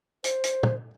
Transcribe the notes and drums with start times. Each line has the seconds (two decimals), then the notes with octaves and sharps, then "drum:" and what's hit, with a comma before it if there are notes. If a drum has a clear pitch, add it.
0.24 C5, drum: hi-hat
0.44 drum: hi-hat
0.63 drum: tom